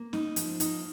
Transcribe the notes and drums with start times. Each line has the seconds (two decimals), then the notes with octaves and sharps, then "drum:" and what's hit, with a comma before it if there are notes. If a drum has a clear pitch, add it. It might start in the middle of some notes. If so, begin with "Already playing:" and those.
Already playing: A#3
0.13 D#4, drum: snare C#4
0.36 F3, drum: hi-hat
0.60 D#4, drum: hi-hat